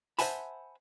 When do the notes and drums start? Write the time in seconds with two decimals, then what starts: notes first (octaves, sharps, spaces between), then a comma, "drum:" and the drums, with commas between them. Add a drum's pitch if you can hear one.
0.19 C5 E5 F#5 G#5 A5 B5, drum: hi-hat